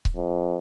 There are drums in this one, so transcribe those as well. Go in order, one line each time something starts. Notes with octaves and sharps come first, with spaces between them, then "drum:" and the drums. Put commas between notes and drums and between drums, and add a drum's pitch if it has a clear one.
drum: kick C#1
F2